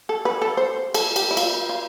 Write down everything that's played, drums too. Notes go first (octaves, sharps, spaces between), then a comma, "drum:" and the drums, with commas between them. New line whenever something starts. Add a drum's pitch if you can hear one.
A4
B4
A4
C5
A4, drum: cymbal
G4, drum: cymbal
E4
F4, drum: cymbal
F4